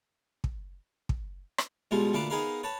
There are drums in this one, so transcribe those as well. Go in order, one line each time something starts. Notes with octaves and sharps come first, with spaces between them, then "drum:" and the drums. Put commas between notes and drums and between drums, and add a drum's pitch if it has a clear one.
drum: kick
drum: kick
drum: rim click
C#2 B2 G3 G#3 F4
D2 A#2 D4 B4 F5 D6
B3 D#4 G#4 A#4 B4 F5
B4 C#5 A5